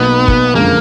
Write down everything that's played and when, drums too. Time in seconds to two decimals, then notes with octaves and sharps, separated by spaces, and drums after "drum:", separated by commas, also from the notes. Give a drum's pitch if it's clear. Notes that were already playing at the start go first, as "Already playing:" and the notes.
Already playing: B1 B2 A#3 B3 D#4
0.28 drum: kick
0.55 F#1 F2 D3 G#3 A#3